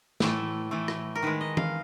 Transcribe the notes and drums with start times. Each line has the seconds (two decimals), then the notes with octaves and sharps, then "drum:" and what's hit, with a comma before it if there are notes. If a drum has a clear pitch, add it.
0.20 A2 E3 A3, drum: snare
0.71 A2 E3 A3
0.88 drum: rim click
1.15 A#4
1.23 D#3 G#3 B4
1.41 D#5
1.57 F5, drum: tom